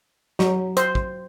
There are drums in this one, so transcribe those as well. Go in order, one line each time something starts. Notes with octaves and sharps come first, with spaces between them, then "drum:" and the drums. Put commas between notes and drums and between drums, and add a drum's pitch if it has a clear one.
F#3, drum: snare
C5, drum: hi-hat
drum: kick